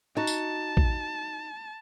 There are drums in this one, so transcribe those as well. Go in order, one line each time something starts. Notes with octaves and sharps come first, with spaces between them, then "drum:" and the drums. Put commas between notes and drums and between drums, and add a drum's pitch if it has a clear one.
D#4 F#4 A5
drum: tambourine
drum: kick